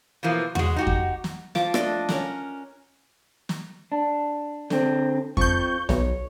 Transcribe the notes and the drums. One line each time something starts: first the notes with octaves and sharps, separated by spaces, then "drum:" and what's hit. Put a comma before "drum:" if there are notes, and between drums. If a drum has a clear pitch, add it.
B2 E3 F3 A#3
G#3 F#4, drum: tom E2
D#4 F#4 G4
drum: kick F2
drum: snare
F3 A5 D6, drum: snare
A3 D4 D5 D#5, drum: rim click
C#4 A#4 F#5, drum: snare
drum: snare
D4
D3 C4, drum: snare
F2 F3 C#6 G6, drum: kick F2
B1 C#5, drum: snare